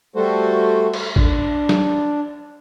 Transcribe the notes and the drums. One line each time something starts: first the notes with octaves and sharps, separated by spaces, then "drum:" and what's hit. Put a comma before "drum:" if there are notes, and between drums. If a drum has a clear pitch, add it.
G3 A3 F#4 A4 C5
drum: cymbal
D4, drum: kick G#1
drum: snare